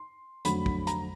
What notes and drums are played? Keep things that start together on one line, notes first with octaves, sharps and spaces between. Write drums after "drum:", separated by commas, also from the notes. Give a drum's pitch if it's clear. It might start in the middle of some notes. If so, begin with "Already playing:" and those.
Already playing: C6
F2 D3 F#3 A3 B5, drum: hi-hat
drum: kick
A#5, drum: hi-hat